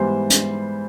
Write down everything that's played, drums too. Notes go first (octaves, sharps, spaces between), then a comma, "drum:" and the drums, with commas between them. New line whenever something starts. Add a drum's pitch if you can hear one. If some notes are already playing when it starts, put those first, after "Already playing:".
Already playing: G#2 E3 G3 B3 C5
drum: hi-hat